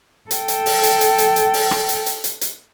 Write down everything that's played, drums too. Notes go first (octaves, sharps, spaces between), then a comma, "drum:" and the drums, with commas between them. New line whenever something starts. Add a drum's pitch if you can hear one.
A4 G5, drum: hi-hat
drum: hi-hat
drum: open hi-hat
drum: hi-hat
drum: hi-hat
drum: hi-hat
drum: hi-hat
drum: open hi-hat
drum: rim click
drum: hi-hat
drum: hi-hat
drum: hi-hat
drum: hi-hat